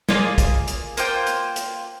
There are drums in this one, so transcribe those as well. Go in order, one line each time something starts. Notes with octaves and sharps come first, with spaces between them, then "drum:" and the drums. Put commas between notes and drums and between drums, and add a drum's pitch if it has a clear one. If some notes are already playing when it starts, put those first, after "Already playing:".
A#3 F4 G#4 D5, drum: snare
drum: kick, hi-hat
drum: hi-hat
A#3 F4 C5 G5, drum: hi-hat
drum: hi-hat
drum: hi-hat